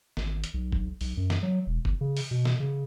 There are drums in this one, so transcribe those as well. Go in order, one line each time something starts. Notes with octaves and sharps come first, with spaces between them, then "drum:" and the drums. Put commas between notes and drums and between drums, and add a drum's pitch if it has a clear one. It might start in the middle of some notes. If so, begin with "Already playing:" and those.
G#1, drum: snare
drum: hi-hat
B1
drum: kick F#1
B1, drum: open hi-hat
F#2
drum: snare
F#3
E1
G1, drum: kick F#1
C#3
drum: open hi-hat
B2
drum: snare
C#3